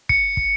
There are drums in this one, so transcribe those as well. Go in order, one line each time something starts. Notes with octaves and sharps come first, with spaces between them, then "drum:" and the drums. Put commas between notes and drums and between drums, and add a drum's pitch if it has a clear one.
C#7, drum: kick
drum: kick